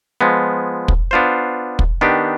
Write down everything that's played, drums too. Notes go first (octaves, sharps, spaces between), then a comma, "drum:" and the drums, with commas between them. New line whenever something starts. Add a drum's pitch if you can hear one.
F3 G#3 B3
drum: kick
B3 D4 F4 C5
drum: kick
D#3 B3 D4 G4